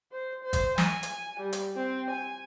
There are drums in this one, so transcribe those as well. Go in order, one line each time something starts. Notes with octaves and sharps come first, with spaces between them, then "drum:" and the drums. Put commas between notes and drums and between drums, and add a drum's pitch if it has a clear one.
C5
C5
drum: kick G#1, hi-hat
G#5, drum: snare
drum: hi-hat
G3
drum: hi-hat
C4
G#5